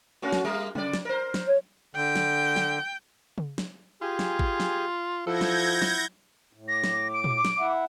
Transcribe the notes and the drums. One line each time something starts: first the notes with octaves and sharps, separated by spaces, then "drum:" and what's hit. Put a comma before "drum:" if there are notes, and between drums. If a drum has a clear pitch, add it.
A3 C#4 F#4
drum: snare
G3 A#3 A#4
C#3 D5, drum: tom F#3
drum: snare
A#4 C5
drum: snare
C#5
D3 G5
drum: snare
drum: snare
drum: tom C#3
drum: snare
F4 G4 G#4 G#5
drum: snare
drum: kick
drum: snare
F3 E4 A4 F#5 G6 G#6 A#6
drum: snare
drum: snare
A2
D6 A#6
drum: snare
D7
drum: tom A#2
drum: snare
E4 E5 F#5